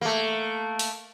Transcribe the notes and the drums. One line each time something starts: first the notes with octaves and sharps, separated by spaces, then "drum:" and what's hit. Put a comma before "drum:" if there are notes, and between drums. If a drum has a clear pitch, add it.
A3 A#3
drum: open hi-hat